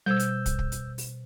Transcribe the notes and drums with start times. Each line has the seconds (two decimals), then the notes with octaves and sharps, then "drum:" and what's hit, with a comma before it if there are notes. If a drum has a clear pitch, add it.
0.06 B2 G3 C5 E6 G6 G#6
0.19 drum: hi-hat
0.46 drum: kick, hi-hat
0.59 drum: kick
0.72 drum: hi-hat
0.98 drum: open hi-hat